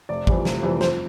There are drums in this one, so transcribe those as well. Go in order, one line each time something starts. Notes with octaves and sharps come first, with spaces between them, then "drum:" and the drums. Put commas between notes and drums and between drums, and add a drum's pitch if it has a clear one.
F1 D5
F2 E3 G3, drum: kick G#1
F1, drum: snare
F2 E3 G3
F2 C5, drum: snare